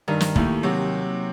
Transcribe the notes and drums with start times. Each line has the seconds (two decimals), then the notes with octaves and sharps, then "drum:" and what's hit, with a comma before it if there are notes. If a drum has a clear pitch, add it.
0.08 G2 D#3 G3
0.20 drum: snare
0.36 D#2 A2 A3, drum: kick
0.63 C3 F#3 C4